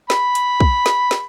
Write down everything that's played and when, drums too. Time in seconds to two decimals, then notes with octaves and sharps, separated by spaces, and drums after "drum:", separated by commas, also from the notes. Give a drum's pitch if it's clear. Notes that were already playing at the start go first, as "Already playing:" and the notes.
0.10 B5, drum: snare
0.35 drum: hi-hat
0.60 drum: kick
0.86 drum: snare
1.11 drum: snare